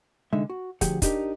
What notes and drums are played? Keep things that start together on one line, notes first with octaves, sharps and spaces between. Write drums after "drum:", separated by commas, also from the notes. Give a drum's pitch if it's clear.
C2 D3 G#3 D#4 E5
F#4
D2 F3 G4 G#4 F#5, drum: kick, hi-hat
D4 D#4 G4 A4 A#4, drum: kick, hi-hat